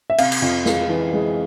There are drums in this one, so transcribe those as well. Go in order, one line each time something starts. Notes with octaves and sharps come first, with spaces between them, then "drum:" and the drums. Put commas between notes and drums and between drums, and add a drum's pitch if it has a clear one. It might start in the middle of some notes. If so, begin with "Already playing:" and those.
E5
C3 F5, drum: cymbal
drum: cymbal
F2
G#3, drum: snare
E3
G#3